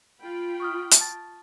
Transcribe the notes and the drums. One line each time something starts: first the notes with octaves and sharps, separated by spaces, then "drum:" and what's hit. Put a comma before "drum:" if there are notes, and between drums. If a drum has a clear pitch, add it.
F4 G5 B5
C#6 D#6 F6
drum: hi-hat
A5 A6